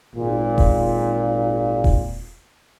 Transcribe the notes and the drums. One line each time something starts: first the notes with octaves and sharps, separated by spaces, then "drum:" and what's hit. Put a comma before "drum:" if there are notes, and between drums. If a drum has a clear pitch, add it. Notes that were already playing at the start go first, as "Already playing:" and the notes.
G#1 A#2
drum: kick E1
drum: kick E1